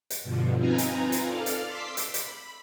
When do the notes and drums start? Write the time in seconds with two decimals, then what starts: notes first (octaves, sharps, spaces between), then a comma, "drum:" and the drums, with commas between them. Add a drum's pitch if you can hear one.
0.10 drum: hi-hat
0.23 G2 B2 D3 F3
0.58 C4 D#4 F4 B4 G#5 A#5
0.78 drum: hi-hat
1.12 drum: hi-hat
1.25 A4 D5 F5 F6
1.46 drum: hi-hat
1.63 C6 D6 E6 B6 C7
1.97 drum: hi-hat
2.14 B5, drum: hi-hat